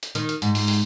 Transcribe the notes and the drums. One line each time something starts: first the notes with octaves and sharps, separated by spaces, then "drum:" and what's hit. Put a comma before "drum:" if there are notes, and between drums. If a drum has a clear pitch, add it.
drum: hi-hat
D#3, drum: hi-hat
drum: hi-hat
G#2, drum: hi-hat
drum: open hi-hat
drum: open hi-hat